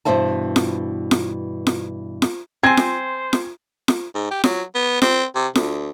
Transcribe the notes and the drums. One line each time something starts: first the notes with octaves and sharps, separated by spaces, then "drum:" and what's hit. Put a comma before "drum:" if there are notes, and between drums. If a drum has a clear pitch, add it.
G2 B2 E3 C5 E5 A5
drum: snare F4
drum: snare F4
drum: snare F4
drum: snare F4
C4 C5 G#5 G#6
drum: snare F4
drum: snare F4
drum: snare F4
G#2
G4
F#3, drum: snare F4
B3
C4, drum: snare F4
C3
D2, drum: snare F4